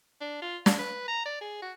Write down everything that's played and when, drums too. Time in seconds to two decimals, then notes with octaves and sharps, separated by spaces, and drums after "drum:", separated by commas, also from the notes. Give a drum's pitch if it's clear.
0.21 D4
0.42 F4
0.66 D4, drum: snare
0.79 B4
1.08 A#5
1.26 D5
1.41 G#4
1.62 F#4